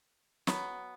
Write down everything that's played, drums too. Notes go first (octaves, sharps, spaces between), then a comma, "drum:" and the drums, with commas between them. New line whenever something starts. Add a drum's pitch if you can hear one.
F#3 B3, drum: snare